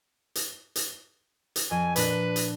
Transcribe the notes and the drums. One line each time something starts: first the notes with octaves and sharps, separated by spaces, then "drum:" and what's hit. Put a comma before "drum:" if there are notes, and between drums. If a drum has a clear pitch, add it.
drum: hi-hat
drum: hi-hat
drum: hi-hat
F2 G#5
A#2 D4 B4 F#6, drum: hi-hat
drum: hi-hat